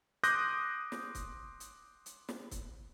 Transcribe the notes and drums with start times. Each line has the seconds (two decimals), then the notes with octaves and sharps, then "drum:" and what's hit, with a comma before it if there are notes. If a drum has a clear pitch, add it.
0.23 C6 D6 D#6 F#6 G6 A#6, drum: hi-hat
0.92 drum: snare
1.15 drum: kick, hi-hat
1.60 drum: hi-hat
2.06 drum: hi-hat
2.29 drum: snare
2.51 drum: kick, hi-hat